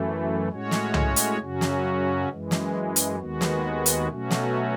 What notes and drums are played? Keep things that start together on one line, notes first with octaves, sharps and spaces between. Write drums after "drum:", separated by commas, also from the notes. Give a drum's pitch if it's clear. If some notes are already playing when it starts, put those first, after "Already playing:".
Already playing: F#2 E3 A3
A2 G#3 C#4 F#4 C#5
drum: snare
drum: tom C2
drum: hi-hat
F#2 C#3 F#3 C#4 F#4
drum: snare
F#2 E3 G#3
drum: snare
drum: hi-hat
D#2 D#3 G#3 B3 F#4
drum: snare
drum: hi-hat
B2 F#3 A3 C#4 F#4
drum: snare